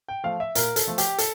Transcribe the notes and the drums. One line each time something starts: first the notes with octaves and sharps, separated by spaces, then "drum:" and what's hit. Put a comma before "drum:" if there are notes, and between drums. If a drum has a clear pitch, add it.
G5
F3 A3 F5
E5
A#2 A#4, drum: hi-hat
A4, drum: hi-hat
F3 A3
G4, drum: hi-hat
A4, drum: hi-hat